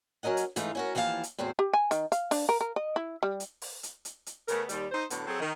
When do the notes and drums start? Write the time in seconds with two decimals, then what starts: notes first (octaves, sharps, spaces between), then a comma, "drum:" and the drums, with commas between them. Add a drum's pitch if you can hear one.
0.23 F#3 C#4 A#4 D#5 F#5
0.37 drum: hi-hat
0.56 G#2 E3 A3 D#4 F4, drum: hi-hat
0.75 C#4 F#4 A#4
0.95 D#2 E3 F3 F#4 F5 A5
1.23 drum: hi-hat
1.38 E2 A2 C4 F#4 C5
1.59 G4
1.73 G#5
1.91 D#3, drum: hi-hat
2.12 F5, drum: hi-hat
2.31 D4, drum: open hi-hat
2.49 A#4
2.61 A#4
2.76 D#5
2.96 E4
3.23 G3
3.40 drum: hi-hat
3.62 drum: open hi-hat
3.83 drum: hi-hat
4.05 drum: hi-hat
4.26 drum: hi-hat
4.48 C#3 A3 B3 A#4, drum: hi-hat
4.69 D#2 G3, drum: hi-hat
4.92 D#4 C5
5.10 A2 D3 F#3 B3, drum: hi-hat
5.27 F#3 C4 G#4 A4
5.40 D#3